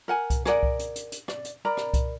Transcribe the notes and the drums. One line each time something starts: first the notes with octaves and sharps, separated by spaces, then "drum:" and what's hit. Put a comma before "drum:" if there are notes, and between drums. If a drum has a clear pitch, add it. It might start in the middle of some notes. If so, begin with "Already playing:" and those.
A#4 F#5 G#5
drum: kick C2, hi-hat
G#4 A#4 D5 F#5, drum: rim click
drum: kick C2
drum: hi-hat
drum: hi-hat
drum: hi-hat
D5, drum: rim click
drum: hi-hat
A#4 D5 A#5 B5
drum: rim click
drum: kick C2, hi-hat